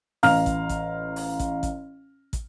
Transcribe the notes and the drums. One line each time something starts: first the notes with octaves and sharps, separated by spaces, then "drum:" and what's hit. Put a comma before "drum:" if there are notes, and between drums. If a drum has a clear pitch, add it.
A1 F5 A#5 F6, drum: open hi-hat
drum: kick, hi-hat
drum: kick, hi-hat
drum: open hi-hat
drum: kick, hi-hat
drum: kick, hi-hat
drum: kick, hi-hat